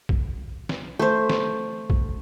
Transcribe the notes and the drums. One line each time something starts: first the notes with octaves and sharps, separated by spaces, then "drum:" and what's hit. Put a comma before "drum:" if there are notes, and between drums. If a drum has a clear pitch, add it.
drum: kick
drum: snare
A3 C5
drum: snare
drum: kick